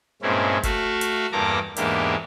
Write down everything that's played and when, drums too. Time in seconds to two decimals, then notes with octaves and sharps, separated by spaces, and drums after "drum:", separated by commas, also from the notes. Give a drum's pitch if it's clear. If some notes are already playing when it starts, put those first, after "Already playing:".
0.22 G2 A#2 G#3 C4 C#4 E4
0.63 A3 F#4 E5 F5, drum: kick F#1, hi-hat
1.01 drum: hi-hat
1.32 E2 G2 A#3 A4 A#5 D6
1.77 E2 G#2 A#3 D4 E4 G4, drum: hi-hat